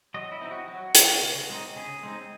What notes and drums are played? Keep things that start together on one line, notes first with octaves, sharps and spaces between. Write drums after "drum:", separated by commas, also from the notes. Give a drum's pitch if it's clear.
F#3 D#5
E4
C4 D#4
F#4
F#3 F#4
C4 D#4, drum: hi-hat
C#3
G#3 C4 D#4
C#3 G#4
G#3 C4 D#4